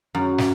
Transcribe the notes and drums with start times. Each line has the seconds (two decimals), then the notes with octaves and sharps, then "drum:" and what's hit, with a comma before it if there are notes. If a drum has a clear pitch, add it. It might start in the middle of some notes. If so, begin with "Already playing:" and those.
0.15 F#2
0.38 drum: snare